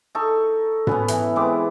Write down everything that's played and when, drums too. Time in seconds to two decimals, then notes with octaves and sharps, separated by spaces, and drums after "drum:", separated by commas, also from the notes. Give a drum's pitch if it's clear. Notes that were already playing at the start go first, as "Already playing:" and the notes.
0.15 D#4 A4 C#6
0.87 B3 C#4 B4, drum: tom
1.08 E3, drum: hi-hat
1.36 G#3 B3 C4 D6